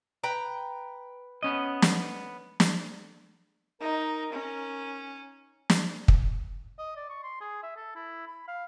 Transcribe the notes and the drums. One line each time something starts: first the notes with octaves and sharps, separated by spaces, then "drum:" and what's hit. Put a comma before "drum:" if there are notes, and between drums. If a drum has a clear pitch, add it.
B4 G5 A#5
B3 C#4 D#5
drum: snare
drum: snare
D#4 A#4
C#4
drum: snare
drum: kick
D#5
D5
C#6
C6
G#4
E5
A4
E4
B5
F5